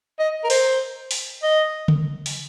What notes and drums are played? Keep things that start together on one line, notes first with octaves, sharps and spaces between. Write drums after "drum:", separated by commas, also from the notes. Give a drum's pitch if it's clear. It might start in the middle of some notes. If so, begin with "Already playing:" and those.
D#5
A#4
C5, drum: open hi-hat
drum: open hi-hat
D#5
drum: tom C#3
drum: open hi-hat